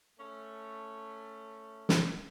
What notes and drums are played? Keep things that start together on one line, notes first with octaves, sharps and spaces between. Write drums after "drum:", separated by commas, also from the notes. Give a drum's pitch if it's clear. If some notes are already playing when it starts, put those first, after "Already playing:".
A3 C#4
drum: snare